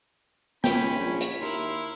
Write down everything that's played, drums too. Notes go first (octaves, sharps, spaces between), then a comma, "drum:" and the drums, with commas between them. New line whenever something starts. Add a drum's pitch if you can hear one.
C#2 C#4 G5 B5, drum: snare
A#1
drum: hi-hat
D#2 E4 A#4 C6